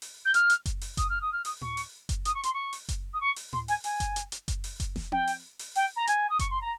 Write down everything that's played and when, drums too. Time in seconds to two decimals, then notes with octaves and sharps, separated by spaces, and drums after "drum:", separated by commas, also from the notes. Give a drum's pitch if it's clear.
0.02 drum: open hi-hat
0.25 G6
0.34 F6, drum: hi-hat
0.50 drum: hi-hat
0.66 drum: kick F#1, hi-hat
0.81 drum: open hi-hat
0.97 D#6, drum: kick F#1, hi-hat
1.09 F6
1.21 D#6
1.32 F6
1.45 D#6, drum: open hi-hat
1.61 C#6, drum: tom A2
1.77 drum: open hi-hat
2.09 drum: kick F#1, hi-hat
2.25 D#6, drum: hi-hat
2.34 C#6
2.43 C6, drum: hi-hat
2.53 C#6
2.73 drum: open hi-hat
2.89 drum: kick F#1, hi-hat
3.13 D#6
3.20 C#6
3.36 drum: open hi-hat
3.53 C6, drum: tom A2
3.68 G#5, drum: open hi-hat
3.84 G#5, drum: open hi-hat
4.00 drum: kick F#1, hi-hat
4.16 drum: hi-hat
4.32 drum: hi-hat
4.48 drum: kick F#1, hi-hat
4.64 drum: open hi-hat
4.80 drum: kick F#1, hi-hat
4.96 drum: snare E1
5.12 G5, drum: tom C4
5.27 drum: open hi-hat
5.59 drum: open hi-hat
5.75 G5, drum: open hi-hat
5.96 A#5
6.07 G#5, drum: hi-hat
6.29 D#6
6.39 C#6, drum: kick F#1, hi-hat
6.50 C6
6.61 A#5